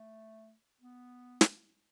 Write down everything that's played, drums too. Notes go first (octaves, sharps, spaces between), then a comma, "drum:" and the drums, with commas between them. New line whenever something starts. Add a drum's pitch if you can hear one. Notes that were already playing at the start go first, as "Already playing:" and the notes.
Already playing: A3
B3
drum: snare